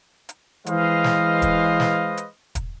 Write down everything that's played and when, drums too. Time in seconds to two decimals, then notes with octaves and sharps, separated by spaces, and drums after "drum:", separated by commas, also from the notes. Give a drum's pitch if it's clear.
0.29 drum: hi-hat
0.66 E3 G#3 B4 C5 D#5 F5, drum: hi-hat
1.04 drum: snare
1.42 drum: kick, hi-hat
1.80 drum: snare
2.17 drum: hi-hat
2.55 drum: kick, hi-hat